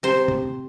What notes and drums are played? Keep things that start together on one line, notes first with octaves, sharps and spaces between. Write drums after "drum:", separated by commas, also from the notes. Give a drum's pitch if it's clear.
C3 C5
drum: tom C3